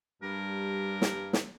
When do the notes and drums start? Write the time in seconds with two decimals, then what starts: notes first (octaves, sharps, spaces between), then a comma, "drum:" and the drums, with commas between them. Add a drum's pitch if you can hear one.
0.22 G2 G3 A#4
1.02 drum: snare
1.33 drum: snare